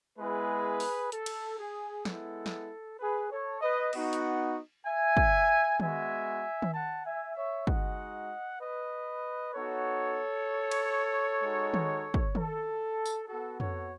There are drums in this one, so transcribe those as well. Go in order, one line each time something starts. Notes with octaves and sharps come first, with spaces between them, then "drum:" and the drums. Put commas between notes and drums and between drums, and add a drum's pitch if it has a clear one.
G#3 B3 E4 G#4 B4
drum: open hi-hat
A4, drum: hi-hat
drum: cymbal
G#4
G#3 B3 E4 A4, drum: snare
drum: snare
G#4 B4
A4 C#5
B4 D#5
B3 D#4 F#4, drum: cymbal
drum: hi-hat
E5 G#5
drum: kick
G#3 B3 F#4 E5 G#5, drum: tom D#3
drum: tom D#3
F#5 A5
E5 G#5
C#5 E5
G#3 D#4 F#4 D#5 F#5, drum: kick
B4 D#5
B3 D#4 F#4 A4 C#5
drum: cymbal
G#3 D#4 F#4
drum: tom D#3
drum: kick
A4, drum: tom D#3
drum: tambourine
B3 F#4 A4
A4 C#5, drum: tom F2